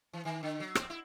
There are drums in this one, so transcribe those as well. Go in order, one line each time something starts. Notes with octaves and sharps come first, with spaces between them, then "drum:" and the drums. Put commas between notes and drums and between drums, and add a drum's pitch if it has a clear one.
E3
D#3
D3
F#3
C4, drum: rim click
E4